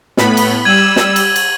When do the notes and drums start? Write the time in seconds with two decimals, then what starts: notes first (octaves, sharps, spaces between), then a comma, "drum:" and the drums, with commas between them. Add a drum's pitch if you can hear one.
0.17 A2 B3 B5, drum: snare
0.37 drum: cymbal
0.65 G3 E6 G#6 D#7 F#7
0.96 drum: snare
1.16 drum: cymbal
1.36 drum: cymbal